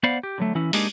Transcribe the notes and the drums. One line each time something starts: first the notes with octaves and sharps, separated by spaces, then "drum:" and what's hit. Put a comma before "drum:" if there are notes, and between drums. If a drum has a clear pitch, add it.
B3 C5 D5 F5 F#5 B5
G4
D3 F#3 A3
E3 C#4 E4
G#3 A#3 D4 D#4 G4 G#4, drum: open hi-hat